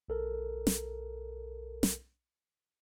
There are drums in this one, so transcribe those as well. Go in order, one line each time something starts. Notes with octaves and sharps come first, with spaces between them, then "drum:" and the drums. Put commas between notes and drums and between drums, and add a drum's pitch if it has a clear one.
B1 A4 A#4
drum: snare
drum: snare